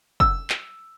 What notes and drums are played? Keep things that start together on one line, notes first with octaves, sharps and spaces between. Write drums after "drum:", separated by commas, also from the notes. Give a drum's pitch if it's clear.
E6, drum: kick
drum: clap